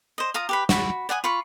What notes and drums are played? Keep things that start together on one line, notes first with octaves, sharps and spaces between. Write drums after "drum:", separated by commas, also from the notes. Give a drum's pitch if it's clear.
C5 D#5
F4 F5 A#5 D#6
G4 B4 B5
F#4 B5, drum: snare
D5 F#5 G#5 D#6
F4 B5 C#6